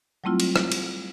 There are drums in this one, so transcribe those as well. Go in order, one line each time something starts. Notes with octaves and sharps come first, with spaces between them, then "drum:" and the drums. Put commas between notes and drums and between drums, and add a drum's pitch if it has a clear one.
F#3 G3 A3 C4 E4 F4
drum: cymbal
drum: rim click
drum: cymbal